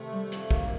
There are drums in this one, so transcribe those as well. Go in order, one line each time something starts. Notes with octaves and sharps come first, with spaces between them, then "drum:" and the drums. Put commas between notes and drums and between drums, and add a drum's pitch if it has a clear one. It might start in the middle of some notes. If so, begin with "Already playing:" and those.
Already playing: C3 D#3 A3
G3
F2, drum: hi-hat
D#3 A#3, drum: kick